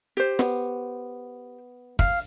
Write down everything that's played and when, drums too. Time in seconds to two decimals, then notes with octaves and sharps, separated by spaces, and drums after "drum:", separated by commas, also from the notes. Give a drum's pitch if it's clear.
0.17 G4 C5
0.39 B3, drum: snare
1.99 F5, drum: kick